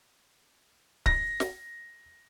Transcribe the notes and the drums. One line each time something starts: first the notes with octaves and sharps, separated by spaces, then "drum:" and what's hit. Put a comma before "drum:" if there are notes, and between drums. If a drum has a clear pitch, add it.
A#6, drum: kick C#1
drum: snare